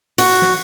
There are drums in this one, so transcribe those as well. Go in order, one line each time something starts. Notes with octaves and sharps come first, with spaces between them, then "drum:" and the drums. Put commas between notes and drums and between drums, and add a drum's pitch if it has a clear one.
F#4, drum: open hi-hat
drum: snare